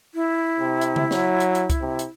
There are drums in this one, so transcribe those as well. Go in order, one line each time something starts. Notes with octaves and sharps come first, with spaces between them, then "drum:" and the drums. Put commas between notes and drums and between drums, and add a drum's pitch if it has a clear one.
E4
C3
drum: hi-hat
drum: tom C#3
F#3, drum: snare
drum: hi-hat
drum: hi-hat
drum: kick C2, hi-hat
C3
drum: hi-hat